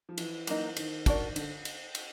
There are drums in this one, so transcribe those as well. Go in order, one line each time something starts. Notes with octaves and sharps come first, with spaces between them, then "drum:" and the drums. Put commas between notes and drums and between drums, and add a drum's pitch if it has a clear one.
F3
E3, drum: cymbal
F#3 A#3 D#4, drum: cymbal
D#3, drum: cymbal
D4 F#4 A#4 D5, drum: kick, cymbal
D3, drum: cymbal
drum: cymbal
drum: cymbal